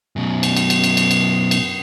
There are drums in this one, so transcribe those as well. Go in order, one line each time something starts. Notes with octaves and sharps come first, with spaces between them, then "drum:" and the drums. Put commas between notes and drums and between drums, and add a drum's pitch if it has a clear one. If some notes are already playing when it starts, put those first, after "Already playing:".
F#2 B2
drum: cymbal
drum: cymbal
drum: cymbal
drum: cymbal
drum: cymbal
drum: cymbal
drum: cymbal